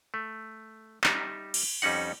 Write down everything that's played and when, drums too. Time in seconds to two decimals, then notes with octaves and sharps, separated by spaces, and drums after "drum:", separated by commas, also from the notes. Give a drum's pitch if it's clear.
0.14 A3
1.04 G3 D#4 E5, drum: clap
1.54 drum: cymbal
1.82 F2 G3 C#4 D#4 F#5